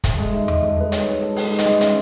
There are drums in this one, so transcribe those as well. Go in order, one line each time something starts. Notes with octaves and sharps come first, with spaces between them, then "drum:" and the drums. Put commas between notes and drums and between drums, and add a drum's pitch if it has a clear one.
A4 E5, drum: kick, hi-hat
G#3
D#4 E5
G#3 D#5, drum: tom E2
A4
G#3 B4
D#4 C#5, drum: hi-hat
G#3
A4
G#3 B4, drum: open hi-hat
D#4
D#5, drum: hi-hat
G#3
C#4 E5, drum: hi-hat